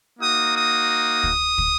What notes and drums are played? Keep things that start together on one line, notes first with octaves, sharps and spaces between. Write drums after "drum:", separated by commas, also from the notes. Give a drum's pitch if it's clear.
A#3 D#4 F#4 D#6
D#6
drum: kick
drum: kick